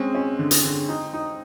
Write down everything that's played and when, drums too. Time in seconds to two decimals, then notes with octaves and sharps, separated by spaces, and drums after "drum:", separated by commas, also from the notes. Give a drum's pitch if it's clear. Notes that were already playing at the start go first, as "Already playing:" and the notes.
Already playing: G#3 C4 C#4
0.15 C#4
0.39 D3
0.51 drum: hi-hat
0.64 D3
0.89 D#4
1.13 D#4